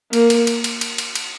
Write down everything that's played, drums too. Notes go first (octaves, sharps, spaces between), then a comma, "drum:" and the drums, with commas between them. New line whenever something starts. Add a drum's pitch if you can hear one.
A#3, drum: cymbal
drum: cymbal
drum: cymbal
drum: cymbal
drum: cymbal
drum: cymbal
drum: cymbal